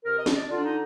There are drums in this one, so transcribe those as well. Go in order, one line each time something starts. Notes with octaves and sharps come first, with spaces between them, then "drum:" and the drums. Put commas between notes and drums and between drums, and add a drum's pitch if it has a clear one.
C3 A#4
D#5
D4, drum: snare
D5
D3 F4
D4
D#4